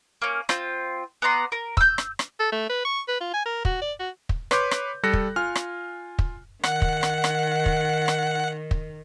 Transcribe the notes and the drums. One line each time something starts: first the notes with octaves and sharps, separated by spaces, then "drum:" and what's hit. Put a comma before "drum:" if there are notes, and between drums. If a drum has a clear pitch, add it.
A#3 C#4
C4 F4, drum: rim click
B3 D5 A#5 C6
A#4
E6 G6, drum: kick
drum: rim click
drum: rim click
A4
A3
B4
C#6
B4
F4
G#5
A#4
F#4, drum: kick
D5
F#4
drum: kick
B4 C#5 C6 D6 G6, drum: rim click
drum: rim click
G3 A4 F#6 A#6 C#7
drum: kick
F4 G#5 F6
drum: rim click
drum: kick
D#3 F#5, drum: rim click
drum: kick
drum: rim click
drum: rim click
drum: kick
drum: rim click
drum: kick